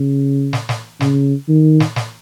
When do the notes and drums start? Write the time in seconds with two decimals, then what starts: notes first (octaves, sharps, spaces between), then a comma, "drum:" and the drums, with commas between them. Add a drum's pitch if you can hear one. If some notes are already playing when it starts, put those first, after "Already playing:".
Already playing: C#3
0.53 drum: snare
0.69 drum: snare
1.00 C#3, drum: snare
1.49 D#3
1.80 drum: snare
1.96 drum: snare